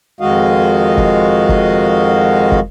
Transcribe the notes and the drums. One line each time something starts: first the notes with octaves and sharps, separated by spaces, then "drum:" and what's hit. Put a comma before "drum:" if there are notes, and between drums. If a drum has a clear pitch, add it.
F2 D#3 G#3 F#4 D#5 F5
drum: kick
drum: kick
drum: kick